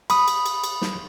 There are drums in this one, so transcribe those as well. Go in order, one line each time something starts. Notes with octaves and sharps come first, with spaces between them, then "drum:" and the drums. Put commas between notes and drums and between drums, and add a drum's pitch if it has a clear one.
B5 D#6, drum: cymbal
drum: cymbal
drum: cymbal
drum: cymbal
drum: snare